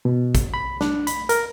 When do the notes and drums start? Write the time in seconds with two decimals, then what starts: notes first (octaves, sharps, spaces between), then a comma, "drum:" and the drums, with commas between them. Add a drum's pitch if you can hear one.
0.05 B2
0.35 drum: kick G#1, hi-hat
0.54 B5
0.81 D4, drum: snare
1.07 B5, drum: hi-hat
1.29 A#4, drum: hi-hat